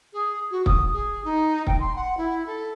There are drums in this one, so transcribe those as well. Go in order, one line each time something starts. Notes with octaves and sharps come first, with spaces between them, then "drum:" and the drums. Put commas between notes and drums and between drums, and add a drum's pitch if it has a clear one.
G#4
F#4
D#6, drum: kick
G#4
D#4
G5, drum: kick
C6
F#5
E4
A4